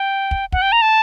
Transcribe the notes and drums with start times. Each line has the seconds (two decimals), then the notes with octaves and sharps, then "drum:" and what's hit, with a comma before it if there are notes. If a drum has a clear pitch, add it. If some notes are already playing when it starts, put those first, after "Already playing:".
Already playing: G5
0.31 drum: kick
0.52 F#5, drum: kick
0.62 G5
0.72 A#5
0.82 A5